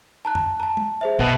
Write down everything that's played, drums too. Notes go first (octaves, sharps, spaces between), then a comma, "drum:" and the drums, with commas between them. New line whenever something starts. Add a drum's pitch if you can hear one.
A5 A#5 F#6
drum: tom F2
A5 A#5
drum: tom
G#4 C5 E5
B2 B4 E5 A5, drum: kick